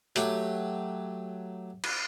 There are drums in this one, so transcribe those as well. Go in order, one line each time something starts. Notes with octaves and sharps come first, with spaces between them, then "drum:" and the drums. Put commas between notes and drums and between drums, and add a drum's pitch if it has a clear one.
F#3 A3 G4, drum: hi-hat
drum: cymbal